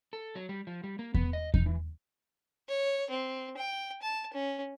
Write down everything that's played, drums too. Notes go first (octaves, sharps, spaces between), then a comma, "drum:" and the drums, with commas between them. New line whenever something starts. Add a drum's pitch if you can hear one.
A4
F#3
G3
F3
G3
A#3
B3, drum: kick E2
D#5
D#4, drum: kick E2
E3
C#5
C4
G5
A5
C#4